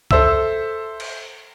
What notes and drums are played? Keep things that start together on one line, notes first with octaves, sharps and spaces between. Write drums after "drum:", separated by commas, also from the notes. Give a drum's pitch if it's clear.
A4 C5 E5 E6, drum: kick C2
drum: cymbal